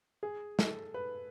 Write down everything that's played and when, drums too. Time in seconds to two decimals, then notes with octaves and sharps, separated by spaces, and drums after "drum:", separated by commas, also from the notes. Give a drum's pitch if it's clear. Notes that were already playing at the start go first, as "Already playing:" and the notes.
0.23 G#4
0.59 A4, drum: snare
0.94 B4